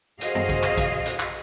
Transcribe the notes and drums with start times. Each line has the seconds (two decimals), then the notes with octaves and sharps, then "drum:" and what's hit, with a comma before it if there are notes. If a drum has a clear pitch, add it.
0.21 F#4 G#4 C5 D#5 F5, drum: hi-hat
0.35 drum: tom F#2
0.49 drum: kick A1, hi-hat
0.63 drum: clap
0.77 drum: kick A1, hi-hat
1.06 drum: hi-hat
1.20 drum: clap